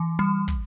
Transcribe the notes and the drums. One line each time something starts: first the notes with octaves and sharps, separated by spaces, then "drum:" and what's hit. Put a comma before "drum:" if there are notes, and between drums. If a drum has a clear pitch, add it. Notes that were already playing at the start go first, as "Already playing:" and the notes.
Already playing: E3
G3
drum: kick, hi-hat